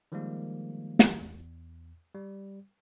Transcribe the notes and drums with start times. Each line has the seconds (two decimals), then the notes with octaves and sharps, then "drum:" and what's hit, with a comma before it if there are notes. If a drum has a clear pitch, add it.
0.12 D#3 F3 G3 G#3 A#3
0.99 drum: snare
1.21 E2
2.14 G3